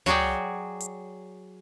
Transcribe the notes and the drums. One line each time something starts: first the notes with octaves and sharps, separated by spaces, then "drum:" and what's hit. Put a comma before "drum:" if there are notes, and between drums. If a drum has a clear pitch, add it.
F#3 F#4 G#4 D5 G5, drum: tom
drum: hi-hat